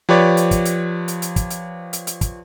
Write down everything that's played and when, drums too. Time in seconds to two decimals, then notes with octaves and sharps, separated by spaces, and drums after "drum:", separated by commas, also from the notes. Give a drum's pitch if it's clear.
0.09 F3 G4 B4 C#5 D5
0.37 drum: hi-hat
0.51 drum: kick, hi-hat
0.65 drum: hi-hat
1.08 drum: hi-hat
1.22 drum: hi-hat
1.36 drum: kick, hi-hat
1.50 drum: hi-hat
1.93 drum: hi-hat
2.07 drum: hi-hat
2.21 drum: kick, hi-hat